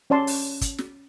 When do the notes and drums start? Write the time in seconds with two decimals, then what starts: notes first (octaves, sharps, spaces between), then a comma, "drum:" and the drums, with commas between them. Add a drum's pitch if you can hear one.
0.10 C#4 C#5 D5 A5 C6
0.27 drum: open hi-hat
0.61 drum: kick, hi-hat
0.78 drum: snare